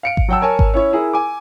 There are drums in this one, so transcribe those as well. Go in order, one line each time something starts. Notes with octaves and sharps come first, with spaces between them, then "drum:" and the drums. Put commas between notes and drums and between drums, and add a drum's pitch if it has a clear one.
F5 C#7 D7
drum: kick G#1
F#3 F#5 G5 A5 E6
A#4 C#5 G#5 A5
drum: kick G#1
C#4 E4 C#5
E4 G#4 A#4
G#5 D6